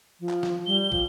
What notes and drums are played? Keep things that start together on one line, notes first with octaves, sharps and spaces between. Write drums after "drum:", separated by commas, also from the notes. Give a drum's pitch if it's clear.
F3
drum: clap
drum: snare
G3 G7
F3, drum: kick